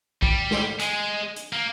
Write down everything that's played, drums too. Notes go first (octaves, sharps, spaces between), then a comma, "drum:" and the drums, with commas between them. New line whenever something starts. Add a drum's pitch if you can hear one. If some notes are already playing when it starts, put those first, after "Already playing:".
G3, drum: kick
drum: snare
G#3, drum: hi-hat
drum: hi-hat
A#3